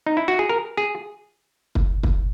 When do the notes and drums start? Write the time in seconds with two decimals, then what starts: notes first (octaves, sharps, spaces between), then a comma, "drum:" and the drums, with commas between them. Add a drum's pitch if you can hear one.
0.06 D#4
0.17 E4
0.28 F#4
0.39 G#4
0.49 A#4
0.77 G#4
1.75 drum: kick
2.03 drum: kick